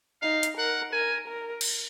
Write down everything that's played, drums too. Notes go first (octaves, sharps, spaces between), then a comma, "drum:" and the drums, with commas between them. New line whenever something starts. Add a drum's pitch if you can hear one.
D#4 F5
drum: hi-hat
A#4 F#5
A#4 G#5
A#4
drum: cymbal